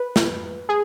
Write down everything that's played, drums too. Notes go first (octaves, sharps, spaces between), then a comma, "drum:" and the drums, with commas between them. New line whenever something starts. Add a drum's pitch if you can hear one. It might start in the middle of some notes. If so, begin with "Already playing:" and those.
Already playing: B4
drum: snare
G#4